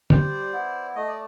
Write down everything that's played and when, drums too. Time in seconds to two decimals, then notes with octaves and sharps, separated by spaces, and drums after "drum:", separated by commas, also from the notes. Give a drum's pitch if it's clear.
0.10 G3 C5 D5, drum: tom
0.53 B3 E4
0.95 A3 D#5
1.08 D5